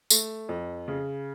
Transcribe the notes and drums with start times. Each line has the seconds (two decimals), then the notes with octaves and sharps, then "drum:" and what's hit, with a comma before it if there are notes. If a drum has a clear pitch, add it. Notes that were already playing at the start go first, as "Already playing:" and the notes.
0.10 A3, drum: tambourine
0.49 F2
0.88 C#3